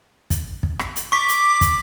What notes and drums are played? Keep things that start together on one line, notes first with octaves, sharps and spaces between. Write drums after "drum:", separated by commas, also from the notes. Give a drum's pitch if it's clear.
drum: kick, hi-hat
drum: kick
drum: rim click
drum: hi-hat
C#6 D6 B6
drum: hi-hat
drum: kick, hi-hat